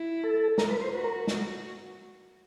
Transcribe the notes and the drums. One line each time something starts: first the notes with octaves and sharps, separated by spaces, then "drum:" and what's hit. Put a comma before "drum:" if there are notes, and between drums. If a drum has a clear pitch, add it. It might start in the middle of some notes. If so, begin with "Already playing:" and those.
Already playing: E4
A4
F4 A#4, drum: snare
B4
C5
F#4 B4
A#4
drum: snare